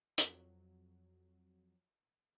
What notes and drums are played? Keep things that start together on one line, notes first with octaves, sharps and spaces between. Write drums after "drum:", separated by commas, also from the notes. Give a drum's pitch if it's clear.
F2 F#3, drum: hi-hat